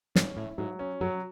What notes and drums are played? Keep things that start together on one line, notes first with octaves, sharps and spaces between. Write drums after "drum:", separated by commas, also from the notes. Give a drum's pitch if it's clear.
G#2 C#4, drum: snare
A2 E4
G#2 F#3
C#4
F#2 F#3